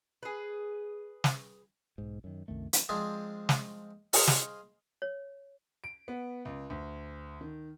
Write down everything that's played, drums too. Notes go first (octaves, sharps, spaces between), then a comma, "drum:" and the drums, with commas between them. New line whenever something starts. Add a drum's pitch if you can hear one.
G#4 B4
drum: snare
B1 G#2
F#2 D#3
C2 F#2 D#3 A3
drum: hi-hat
F3 G#3 C4 D4 G#4
drum: snare
G#4 C5 D#5 F5, drum: open hi-hat
drum: snare
C#5
D7
B3
C#2
D2
D#3